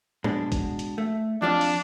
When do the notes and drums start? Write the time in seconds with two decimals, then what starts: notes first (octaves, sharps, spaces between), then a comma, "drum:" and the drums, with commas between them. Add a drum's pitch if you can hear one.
0.24 B2 G#3 D4, drum: tom A2
0.52 drum: kick, hi-hat
0.79 drum: hi-hat
0.98 A3
1.42 F2 D4 F4 D5
1.61 drum: open hi-hat